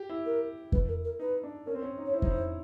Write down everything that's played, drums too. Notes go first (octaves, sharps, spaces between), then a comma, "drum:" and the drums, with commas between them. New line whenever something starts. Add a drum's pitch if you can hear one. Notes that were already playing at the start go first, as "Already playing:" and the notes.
Already playing: G4
E4
A#4
B4, drum: kick F2
A#4
A#4
D#4 B4
D4
C#4 A#4
C4
C#4
D#4
C#5
E4 C5
D#4, drum: kick F2
E4